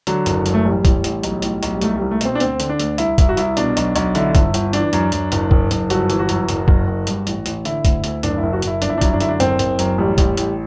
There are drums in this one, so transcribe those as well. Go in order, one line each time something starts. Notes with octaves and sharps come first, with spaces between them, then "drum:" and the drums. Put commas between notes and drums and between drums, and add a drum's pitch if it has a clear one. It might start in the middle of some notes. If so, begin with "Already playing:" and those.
D3 F#3, drum: hi-hat
F#1, drum: hi-hat
F#2, drum: hi-hat
A3
A1 G3
A1, drum: kick, hi-hat
A1, drum: hi-hat
B1, drum: hi-hat
A2, drum: hi-hat
B1, drum: hi-hat
G3
C2 A3, drum: hi-hat
C2 G3
A3
B2 C4, drum: hi-hat
D4
D2 C4, drum: hi-hat
D3, drum: hi-hat
D4
D2, drum: hi-hat
C2 E4, drum: hi-hat
C2 E4, drum: kick, hi-hat
F#4
C2 E4, drum: hi-hat
B2 D4, drum: hi-hat
B1, drum: hi-hat
B1, drum: hi-hat
D3 E4, drum: hi-hat
G1, drum: kick, hi-hat
G1, drum: hi-hat
E3 D4, drum: hi-hat
F#2, drum: hi-hat
F#2, drum: hi-hat
F#1, drum: hi-hat
F#1, drum: kick
F#1, drum: hi-hat
G1 F#4, drum: hi-hat
E3, drum: hi-hat
F#4
F#2, drum: hi-hat
F#1, drum: hi-hat
F#1, drum: kick
F#1
G2, drum: hi-hat
A1, drum: hi-hat
A1, drum: hi-hat
D3 E4, drum: hi-hat
D2, drum: kick, hi-hat
D2, drum: hi-hat
F#1 D4, drum: hi-hat
F#1 E4
F#4
F#1, drum: hi-hat
E4
G1 D4, drum: hi-hat
E4
D4
F#2 E4, drum: kick, hi-hat
D4
D3 E4, drum: hi-hat
D4
F#1 C4, drum: hi-hat
F#1, drum: hi-hat
F#2, drum: hi-hat
A1 G3
A1, drum: kick, hi-hat
A1, drum: hi-hat